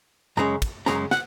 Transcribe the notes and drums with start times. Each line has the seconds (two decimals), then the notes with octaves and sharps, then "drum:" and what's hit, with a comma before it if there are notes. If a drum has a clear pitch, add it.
0.37 F#2 C#3 G#3 C#4 A#5
0.62 drum: kick, cymbal
0.86 F#2 C#3 G#3 C#4 A#5, drum: snare
1.11 F#5, drum: snare